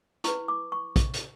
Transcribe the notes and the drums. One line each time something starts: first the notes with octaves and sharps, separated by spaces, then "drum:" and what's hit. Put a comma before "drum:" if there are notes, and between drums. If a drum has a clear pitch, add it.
E4 B4 C#6, drum: hi-hat
D6
C#6
drum: kick, hi-hat
drum: hi-hat